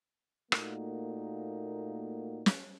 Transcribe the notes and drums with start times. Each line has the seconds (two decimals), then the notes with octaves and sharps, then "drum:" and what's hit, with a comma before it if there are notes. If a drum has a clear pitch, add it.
0.52 A#2 A3 A#3 D#4 F#4, drum: rim click
2.46 drum: snare